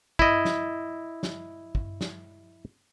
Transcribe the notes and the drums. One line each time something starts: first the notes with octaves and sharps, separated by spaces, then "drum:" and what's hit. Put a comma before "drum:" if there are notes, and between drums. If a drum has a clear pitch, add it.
E4 D#5, drum: kick
drum: snare
drum: snare
drum: kick
drum: snare